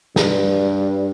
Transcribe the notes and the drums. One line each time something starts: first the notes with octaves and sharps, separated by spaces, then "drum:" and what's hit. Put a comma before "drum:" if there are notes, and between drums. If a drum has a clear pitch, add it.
G2, drum: snare